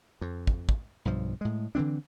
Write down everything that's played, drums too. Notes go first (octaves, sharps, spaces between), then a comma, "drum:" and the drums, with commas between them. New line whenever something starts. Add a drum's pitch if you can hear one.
F2
drum: kick
drum: kick
B1 G2 F3
A2 G#3
D3 E3 C4 D4